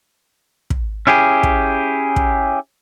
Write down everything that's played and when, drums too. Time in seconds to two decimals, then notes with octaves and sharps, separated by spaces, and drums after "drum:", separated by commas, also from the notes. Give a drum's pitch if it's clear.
0.70 drum: kick
1.07 C#4 E4 G4 G#4
1.43 drum: kick
2.16 drum: kick